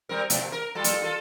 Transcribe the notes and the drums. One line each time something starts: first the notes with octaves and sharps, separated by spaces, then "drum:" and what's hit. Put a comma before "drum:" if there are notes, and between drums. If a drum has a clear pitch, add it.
G3 C4 A#4
B2, drum: hi-hat
A#4
G3 F4 A4
drum: hi-hat
F4 A4